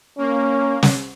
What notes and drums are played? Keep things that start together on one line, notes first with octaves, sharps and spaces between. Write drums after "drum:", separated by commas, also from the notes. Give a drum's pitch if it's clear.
A#3 C#4
drum: snare